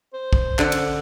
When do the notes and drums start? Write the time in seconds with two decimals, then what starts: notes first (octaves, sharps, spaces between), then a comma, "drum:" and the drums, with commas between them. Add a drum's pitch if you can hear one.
0.13 C5
0.33 drum: kick
0.59 D3, drum: clap
0.72 drum: cymbal